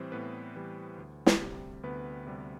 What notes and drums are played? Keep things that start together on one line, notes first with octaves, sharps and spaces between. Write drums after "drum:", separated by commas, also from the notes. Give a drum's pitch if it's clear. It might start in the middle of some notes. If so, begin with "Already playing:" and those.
Already playing: A2 E3 G3 C4 C5
A2 B3 B4
E3 G3
D2
drum: snare
C3 G3
D2 B3 B4
C3 G3